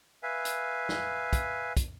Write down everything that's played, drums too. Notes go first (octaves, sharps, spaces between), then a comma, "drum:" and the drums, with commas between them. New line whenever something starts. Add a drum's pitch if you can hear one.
B4 E5 F5 G#5
drum: hi-hat
drum: snare
drum: kick, hi-hat
drum: kick, hi-hat